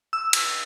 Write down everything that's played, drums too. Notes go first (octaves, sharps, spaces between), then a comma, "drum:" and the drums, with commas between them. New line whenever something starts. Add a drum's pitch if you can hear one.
E6
drum: cymbal